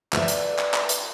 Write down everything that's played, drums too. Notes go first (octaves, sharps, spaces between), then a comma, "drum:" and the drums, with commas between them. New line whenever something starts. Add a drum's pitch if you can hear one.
B4 C5 D5 E5, drum: clap
drum: hi-hat
drum: clap
drum: clap
drum: hi-hat